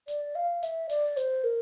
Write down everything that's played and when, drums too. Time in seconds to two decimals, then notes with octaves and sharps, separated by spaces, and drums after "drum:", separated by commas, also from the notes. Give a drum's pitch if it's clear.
0.08 D5, drum: hi-hat
0.35 F5
0.63 E5, drum: hi-hat
0.89 D5, drum: hi-hat
1.17 C5, drum: hi-hat
1.44 A#4